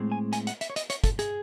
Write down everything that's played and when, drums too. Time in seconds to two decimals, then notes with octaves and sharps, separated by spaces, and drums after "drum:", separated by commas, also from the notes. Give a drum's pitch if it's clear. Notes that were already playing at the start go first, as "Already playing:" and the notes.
Already playing: A2 G#3 C4
0.12 G#5
0.33 G#5, drum: hi-hat
0.47 F#5, drum: hi-hat
0.61 E5, drum: hi-hat
0.70 C#5
0.76 D#5, drum: hi-hat
0.90 C#5, drum: hi-hat
1.04 A4, drum: kick, hi-hat
1.19 G#4, drum: hi-hat